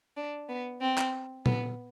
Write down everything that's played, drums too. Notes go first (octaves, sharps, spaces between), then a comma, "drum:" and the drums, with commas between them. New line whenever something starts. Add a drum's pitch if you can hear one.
D4
B3
C4
drum: clap
B3, drum: tom A#2